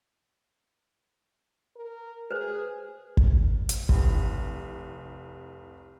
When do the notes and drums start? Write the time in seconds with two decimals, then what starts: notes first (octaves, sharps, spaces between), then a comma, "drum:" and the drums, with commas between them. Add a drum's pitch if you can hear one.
1.77 A#4
2.31 G#4 B4 C5
3.17 drum: kick
3.69 drum: hi-hat
3.89 F1 C2, drum: kick